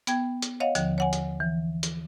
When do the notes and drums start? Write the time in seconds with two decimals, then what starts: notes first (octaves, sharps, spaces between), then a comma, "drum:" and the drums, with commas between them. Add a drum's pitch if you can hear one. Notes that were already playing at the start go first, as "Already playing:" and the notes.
0.07 B3 G5 G#6, drum: hi-hat
0.42 drum: hi-hat
0.60 C#5 D#5 F5 F#5
0.75 D#2 D3 F3, drum: hi-hat
0.98 C#5 F#5 G#5
1.13 drum: hi-hat
1.40 E3
1.83 drum: hi-hat